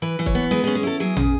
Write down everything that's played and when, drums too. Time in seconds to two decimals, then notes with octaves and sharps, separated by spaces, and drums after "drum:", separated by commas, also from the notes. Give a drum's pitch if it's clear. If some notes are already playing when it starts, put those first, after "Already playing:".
0.02 E3 B4
0.19 E3
0.26 C#5, drum: kick
0.35 B3
0.51 G#3 B4
0.64 G#4
0.67 C#4
0.75 G#4
0.83 E4 A4
1.00 F#3 G#4
1.17 C#3, drum: tom A1